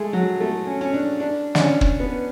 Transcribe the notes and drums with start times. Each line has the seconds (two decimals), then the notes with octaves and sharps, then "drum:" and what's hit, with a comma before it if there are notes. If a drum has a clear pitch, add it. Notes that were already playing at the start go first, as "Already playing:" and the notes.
Already playing: G#3 A3
0.13 F#3
0.40 A3
0.67 C#4
0.81 C#4
0.94 D4
1.20 D4
1.55 D4, drum: snare
1.60 C#4
1.81 drum: kick
2.00 B3